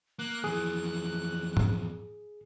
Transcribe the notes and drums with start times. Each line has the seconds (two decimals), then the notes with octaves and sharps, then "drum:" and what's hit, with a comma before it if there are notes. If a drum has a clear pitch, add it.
0.19 A#3 F#6
0.44 F2 E3 G#4 F#6
1.57 drum: tom G#2